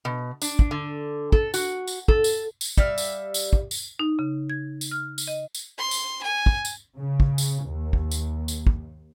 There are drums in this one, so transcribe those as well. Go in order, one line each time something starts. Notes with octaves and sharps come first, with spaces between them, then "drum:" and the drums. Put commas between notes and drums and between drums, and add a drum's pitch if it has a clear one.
B2
D4, drum: tambourine
drum: kick
D3
A4, drum: kick
F#4, drum: tambourine
drum: tambourine
A4, drum: kick
drum: tambourine
drum: tambourine
G3 E5 F5, drum: kick
drum: tambourine
drum: tambourine
drum: kick
drum: tambourine
D#4
C#3
G#6
drum: tambourine
F6
drum: tambourine
D#5
drum: tambourine
C6
drum: tambourine
G#5
drum: kick
drum: tambourine
C#3
drum: kick
drum: tambourine
D#2
drum: kick
drum: tambourine
drum: tambourine
drum: kick